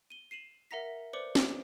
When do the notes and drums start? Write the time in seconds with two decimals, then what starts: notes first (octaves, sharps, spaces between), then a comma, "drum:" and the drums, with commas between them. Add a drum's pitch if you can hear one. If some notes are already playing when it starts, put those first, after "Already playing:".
0.10 D#7 G7
0.31 C7 D#7 E7 F#7
0.71 A#4 E5 F#5 A#5 A#6 B6
1.13 B4 C5 D5 D6 C#7 F#7
1.35 D6, drum: snare